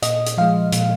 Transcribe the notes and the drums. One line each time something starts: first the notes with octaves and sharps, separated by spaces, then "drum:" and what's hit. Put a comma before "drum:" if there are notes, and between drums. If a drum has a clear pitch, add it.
A#2 D#5, drum: hi-hat
drum: hi-hat
F3 G#3 F5
A#2, drum: hi-hat